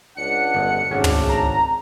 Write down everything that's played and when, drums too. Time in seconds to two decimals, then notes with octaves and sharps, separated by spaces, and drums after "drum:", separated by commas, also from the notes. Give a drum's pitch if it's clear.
0.17 C#2 D4 F#5 C#7
0.55 G1
0.91 G#1 C#3 A3 C#4 D4 F#5
1.04 drum: tom
1.29 A#5